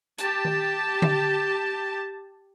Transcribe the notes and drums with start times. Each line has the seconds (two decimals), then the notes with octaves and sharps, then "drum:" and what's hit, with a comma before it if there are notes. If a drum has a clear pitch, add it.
0.18 G4 A5, drum: hi-hat
0.45 drum: tom D#3
1.02 drum: tom D3